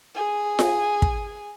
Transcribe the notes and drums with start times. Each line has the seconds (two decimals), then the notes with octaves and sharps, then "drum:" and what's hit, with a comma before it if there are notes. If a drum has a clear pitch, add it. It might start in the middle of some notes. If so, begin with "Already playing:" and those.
0.15 G#4 G#5
0.59 drum: snare F4
1.02 drum: kick